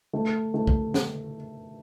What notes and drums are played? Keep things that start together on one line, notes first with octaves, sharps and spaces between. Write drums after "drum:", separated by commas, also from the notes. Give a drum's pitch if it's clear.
A3
A3
drum: kick
drum: snare